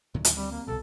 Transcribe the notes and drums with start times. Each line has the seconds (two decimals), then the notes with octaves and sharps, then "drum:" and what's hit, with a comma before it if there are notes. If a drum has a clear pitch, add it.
0.14 D2 A2 D#3 F#3
0.25 drum: hi-hat
0.37 G3 C4
0.51 A#3
0.68 G1 C2 B2 A4